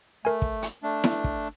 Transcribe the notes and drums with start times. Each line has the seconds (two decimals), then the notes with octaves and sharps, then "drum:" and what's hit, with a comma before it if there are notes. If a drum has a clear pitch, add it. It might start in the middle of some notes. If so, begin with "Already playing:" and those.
0.25 A3 A#4 G#5
0.42 drum: kick
0.62 drum: hi-hat
0.83 A3 D4
1.04 drum: snare E4
1.24 drum: kick